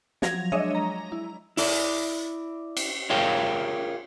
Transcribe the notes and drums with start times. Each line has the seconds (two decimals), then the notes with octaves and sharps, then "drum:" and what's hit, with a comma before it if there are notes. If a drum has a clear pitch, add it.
0.22 F3 F#3 G#6 A#6 F7, drum: snare
0.52 G#3 D4 C#5 D#5 E5
0.75 A#5
1.12 E4
1.57 E4 D5, drum: open hi-hat
2.77 drum: cymbal
3.10 F4 G#4 A#4 C#5 F5 G5